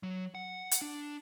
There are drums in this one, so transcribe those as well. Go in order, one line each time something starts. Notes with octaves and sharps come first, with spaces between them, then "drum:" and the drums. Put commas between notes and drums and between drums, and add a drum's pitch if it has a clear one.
F#3
F#5
drum: hi-hat
D4